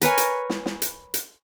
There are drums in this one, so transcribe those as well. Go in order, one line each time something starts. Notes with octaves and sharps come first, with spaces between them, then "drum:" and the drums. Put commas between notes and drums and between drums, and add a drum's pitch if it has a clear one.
A#4 B4 C#5 G#5, drum: hi-hat
drum: hi-hat
drum: snare
drum: snare
drum: hi-hat
drum: hi-hat